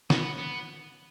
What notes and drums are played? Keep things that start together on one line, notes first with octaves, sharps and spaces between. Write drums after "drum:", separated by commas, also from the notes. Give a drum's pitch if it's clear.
B3, drum: snare
B3